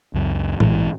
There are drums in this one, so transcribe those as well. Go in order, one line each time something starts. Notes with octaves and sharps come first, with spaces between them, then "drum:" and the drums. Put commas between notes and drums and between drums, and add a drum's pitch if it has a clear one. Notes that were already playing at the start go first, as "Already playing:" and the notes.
C#2 F#2
A#1 G#2 E3, drum: tom A2